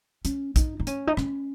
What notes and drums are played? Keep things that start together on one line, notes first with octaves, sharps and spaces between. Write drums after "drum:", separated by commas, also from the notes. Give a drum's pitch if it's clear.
C#4, drum: hi-hat
D#4, drum: kick A#1, hi-hat
D#4
C#4, drum: hi-hat
D#4
C#4, drum: rim click